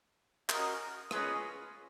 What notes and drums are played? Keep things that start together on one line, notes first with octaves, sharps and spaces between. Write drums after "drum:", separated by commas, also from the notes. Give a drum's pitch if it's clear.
C#4 F#4 A#4 D#5, drum: clap
C#4 F4 G#4 B4 D#5, drum: rim click